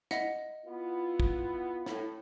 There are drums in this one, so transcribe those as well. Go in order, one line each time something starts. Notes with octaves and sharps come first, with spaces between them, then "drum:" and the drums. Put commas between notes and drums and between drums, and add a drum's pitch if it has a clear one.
D#5 E5 F#5, drum: snare
B3 E4 F4
drum: kick
A2, drum: snare